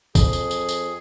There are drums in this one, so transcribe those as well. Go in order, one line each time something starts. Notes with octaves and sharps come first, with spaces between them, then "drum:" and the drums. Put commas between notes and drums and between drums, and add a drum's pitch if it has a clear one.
F2 G#4, drum: kick, tambourine
drum: tambourine
drum: tambourine
drum: tambourine